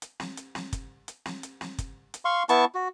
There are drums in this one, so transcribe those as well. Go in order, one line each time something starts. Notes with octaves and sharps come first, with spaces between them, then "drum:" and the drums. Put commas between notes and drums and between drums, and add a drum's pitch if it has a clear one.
drum: hi-hat
drum: snare
drum: hi-hat
drum: snare
drum: kick G1, hi-hat
drum: hi-hat
drum: snare
drum: hi-hat
drum: snare
drum: kick G1, hi-hat
drum: hi-hat
F5 C6 C#6
B3 E4 A5 C#6, drum: hi-hat
F#4